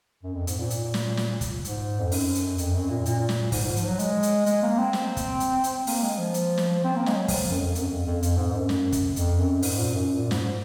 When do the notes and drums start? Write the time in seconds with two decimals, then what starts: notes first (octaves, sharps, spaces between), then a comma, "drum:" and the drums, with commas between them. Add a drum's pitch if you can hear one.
0.23 F#2
0.35 F2
0.47 G#2, drum: hi-hat
0.59 A#2
0.70 drum: hi-hat
0.94 drum: snare
1.17 drum: snare
1.41 drum: kick, hi-hat
1.65 G#2, drum: hi-hat
2.00 F2
2.12 F#2, drum: open hi-hat
2.35 drum: hi-hat
2.58 F2, drum: hi-hat
2.74 F#2
2.90 A#2
3.06 A#2, drum: hi-hat
3.29 drum: snare
3.52 G#2, drum: kick, open hi-hat
3.63 G#2
3.76 F3, drum: hi-hat
3.87 F#3
3.99 G#3, drum: hi-hat
4.23 drum: hi-hat
4.46 G#3, drum: hi-hat
4.62 A#3
4.77 C4
4.93 drum: snare
5.17 drum: kick, hi-hat
5.40 drum: hi-hat
5.64 drum: hi-hat
5.87 A#3, drum: open hi-hat
6.02 G#3
6.18 F3
6.34 drum: hi-hat
6.58 drum: snare
6.84 C4
6.96 A#3
7.06 G#3, drum: snare
7.17 F#3
7.28 F3, drum: kick, open hi-hat
7.51 F#2
7.60 F2
7.75 F#2, drum: hi-hat
7.91 F2
8.07 F2
8.23 F2, drum: hi-hat
8.37 G#2
8.53 F#2
8.69 drum: snare
8.92 drum: kick, hi-hat
9.16 F2, drum: hi-hat
9.39 F#2
9.62 G#2, drum: open hi-hat
9.79 A#2
9.94 F#2
10.17 A#2
10.31 G#2, drum: snare